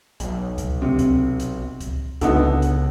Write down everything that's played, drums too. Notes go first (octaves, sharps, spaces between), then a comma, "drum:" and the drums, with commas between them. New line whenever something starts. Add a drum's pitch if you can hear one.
B1, drum: hi-hat
drum: kick C#2, hi-hat
C3
drum: kick C#2, hi-hat
drum: hi-hat
drum: kick C#2, hi-hat
C#2 D3 B3 D#4, drum: kick C#2, hi-hat
drum: hi-hat